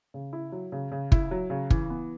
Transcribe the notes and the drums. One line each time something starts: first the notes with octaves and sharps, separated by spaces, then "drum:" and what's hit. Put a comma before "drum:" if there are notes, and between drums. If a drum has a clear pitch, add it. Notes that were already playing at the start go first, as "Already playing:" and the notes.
C#3
E4
F#3
C#3
C#3
E4, drum: kick
F#3
C#3
E3, drum: kick
B3